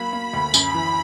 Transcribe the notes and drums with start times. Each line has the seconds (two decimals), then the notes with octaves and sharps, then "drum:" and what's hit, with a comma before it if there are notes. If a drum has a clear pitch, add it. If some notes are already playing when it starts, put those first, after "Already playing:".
Already playing: F#3 A#3 B5
0.13 A#3
0.34 D2
0.54 F#2, drum: tambourine
0.74 E3